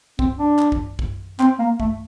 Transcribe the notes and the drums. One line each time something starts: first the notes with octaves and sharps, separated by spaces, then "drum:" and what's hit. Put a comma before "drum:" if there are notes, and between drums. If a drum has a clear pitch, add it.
C4, drum: kick
D4
drum: clap
drum: kick
drum: kick
C4, drum: clap
A#3
A3, drum: kick